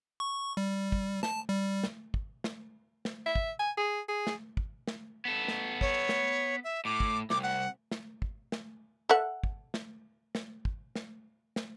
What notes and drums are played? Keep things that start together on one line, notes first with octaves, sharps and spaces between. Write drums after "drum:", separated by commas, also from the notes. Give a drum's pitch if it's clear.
C#6
G3
drum: kick
A5, drum: snare
G3
drum: snare
drum: kick
drum: snare
drum: snare
E5
drum: kick
G#5
G#4
G#4
drum: snare
drum: kick
drum: snare
B3 A4
drum: snare
C#5, drum: kick
drum: snare
E5
A2 D6
drum: kick
C2 D6, drum: snare
F#5
drum: snare
drum: kick
drum: snare
A4 E5 F#5
drum: kick
drum: snare
drum: snare
drum: kick
drum: snare
drum: snare